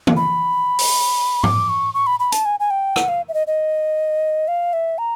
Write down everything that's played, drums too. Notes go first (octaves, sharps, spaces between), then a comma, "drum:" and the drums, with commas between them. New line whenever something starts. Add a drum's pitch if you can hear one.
drum: tom
B5
drum: open hi-hat
D6, drum: tom G#2
C#6
C#6
B5
B5
A5, drum: hi-hat
G#5
G#5
G5
F#5, drum: rim click
F5
E5
D#5
D#5
F5
E5
A#5